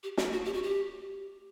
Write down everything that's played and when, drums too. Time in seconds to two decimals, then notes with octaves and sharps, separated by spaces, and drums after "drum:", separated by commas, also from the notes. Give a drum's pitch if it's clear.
0.03 G4
0.17 F#4, drum: snare
0.32 F#4
0.45 G4
0.53 F#4
0.63 G4